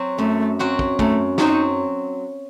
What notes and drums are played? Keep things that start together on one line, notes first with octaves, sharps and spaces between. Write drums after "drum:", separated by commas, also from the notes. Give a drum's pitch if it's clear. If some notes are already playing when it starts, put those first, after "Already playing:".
Already playing: F#3 C4 F#4
F#2 A3
F#3 C4 F#4
drum: kick
F#2 A3, drum: kick
F#3 C4 D#4 F#4, drum: snare